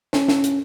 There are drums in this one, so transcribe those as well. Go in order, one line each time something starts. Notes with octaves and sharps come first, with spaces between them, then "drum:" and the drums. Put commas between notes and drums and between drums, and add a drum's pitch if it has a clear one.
C#4, drum: snare
drum: snare
drum: hi-hat